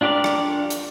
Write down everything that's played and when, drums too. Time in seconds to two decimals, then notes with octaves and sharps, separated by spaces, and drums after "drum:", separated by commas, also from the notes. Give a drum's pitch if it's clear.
0.01 D4 F4 G4 A#4 D5
0.24 drum: rim click
0.70 drum: hi-hat